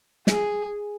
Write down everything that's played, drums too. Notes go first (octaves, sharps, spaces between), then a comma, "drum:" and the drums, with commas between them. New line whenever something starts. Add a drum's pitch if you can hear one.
G#4, drum: snare